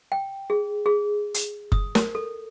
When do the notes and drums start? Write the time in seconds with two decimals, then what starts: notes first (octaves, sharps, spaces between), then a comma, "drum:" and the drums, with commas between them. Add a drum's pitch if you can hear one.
0.12 G5
0.50 G#4
0.86 G#4
1.34 drum: hi-hat
1.72 D#6, drum: kick F#1
1.95 A#4, drum: snare
2.15 A4